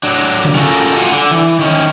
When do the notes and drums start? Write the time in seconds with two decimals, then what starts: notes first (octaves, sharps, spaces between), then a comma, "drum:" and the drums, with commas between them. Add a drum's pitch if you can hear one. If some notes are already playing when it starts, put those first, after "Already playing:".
0.03 F#3 D4
0.45 drum: tom C#3
0.55 C#4 F4 F#4 A4 A#4
0.97 F4 F5 F#5 G#5
1.11 D3
1.31 E3
1.59 D#3 C#4